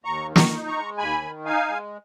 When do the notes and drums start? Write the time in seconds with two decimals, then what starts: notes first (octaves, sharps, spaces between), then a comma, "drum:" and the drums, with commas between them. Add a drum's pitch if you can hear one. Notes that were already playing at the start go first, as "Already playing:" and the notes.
0.04 D#2 A#5 C#6
0.28 D#3
0.36 A#5 C#6, drum: snare
0.51 D#4
0.68 A#5 C#6
0.75 G#3
0.98 D#2 G#5 B5
1.21 D#3
1.45 D#4 F5 G#5
1.69 G#3